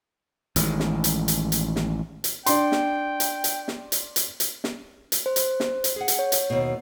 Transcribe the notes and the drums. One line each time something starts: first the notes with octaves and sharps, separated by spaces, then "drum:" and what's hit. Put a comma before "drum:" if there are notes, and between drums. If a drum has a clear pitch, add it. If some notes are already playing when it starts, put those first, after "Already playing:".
A1 D#3 F#3 G#3, drum: hi-hat
drum: snare
drum: hi-hat
drum: hi-hat
drum: hi-hat
drum: snare
drum: hi-hat
D4 G5 C6, drum: hi-hat
drum: snare
drum: hi-hat
drum: hi-hat
drum: snare
drum: hi-hat
drum: hi-hat
drum: hi-hat
drum: snare
drum: hi-hat
C5
drum: hi-hat
drum: snare
drum: hi-hat
G#4 F#5
drum: hi-hat
C#5
drum: hi-hat
D#2 B2